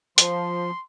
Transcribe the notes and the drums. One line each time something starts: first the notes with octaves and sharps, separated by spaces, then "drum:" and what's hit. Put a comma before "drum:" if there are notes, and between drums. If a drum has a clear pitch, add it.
F3 C6, drum: hi-hat